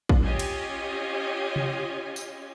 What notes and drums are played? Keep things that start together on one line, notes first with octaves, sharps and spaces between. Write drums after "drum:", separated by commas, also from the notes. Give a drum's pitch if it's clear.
drum: kick
C#4 F4 G4 C#5 D#5 G#5
drum: cymbal
drum: tom C3
drum: tambourine